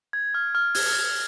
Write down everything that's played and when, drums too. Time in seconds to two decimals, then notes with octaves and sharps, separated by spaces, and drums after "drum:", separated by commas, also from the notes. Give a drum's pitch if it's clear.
0.13 G#6
0.34 F6
0.55 F6
0.75 G#6, drum: open hi-hat
0.96 F6